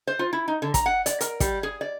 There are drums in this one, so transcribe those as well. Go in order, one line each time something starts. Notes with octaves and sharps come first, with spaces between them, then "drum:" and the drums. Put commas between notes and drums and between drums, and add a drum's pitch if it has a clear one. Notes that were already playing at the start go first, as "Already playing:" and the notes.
C5
F4
E4
D#4
D3
A#5, drum: kick, hi-hat
F#5
D5, drum: hi-hat
A#4, drum: hi-hat
G3, drum: kick, hi-hat
G#4
D5